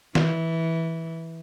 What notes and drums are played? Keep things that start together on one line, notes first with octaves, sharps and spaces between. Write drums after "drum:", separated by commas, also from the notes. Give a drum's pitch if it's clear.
E3, drum: snare D#3